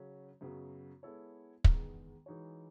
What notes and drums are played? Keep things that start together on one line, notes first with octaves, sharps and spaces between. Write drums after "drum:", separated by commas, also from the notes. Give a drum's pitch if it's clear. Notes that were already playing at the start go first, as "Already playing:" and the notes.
Already playing: C#3 F#3 C#4
F#2 C#3 F#3 B3
G#3 B3 E4 A4 C#5
E2 D#3 G#3 B3, drum: kick
E3 G#3 D#4 F#4 C#5